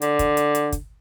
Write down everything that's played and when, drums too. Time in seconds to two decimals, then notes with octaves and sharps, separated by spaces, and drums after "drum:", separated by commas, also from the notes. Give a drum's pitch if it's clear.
0.02 D3, drum: hi-hat
0.19 drum: kick, hi-hat
0.37 drum: hi-hat
0.55 drum: hi-hat
0.72 drum: kick, hi-hat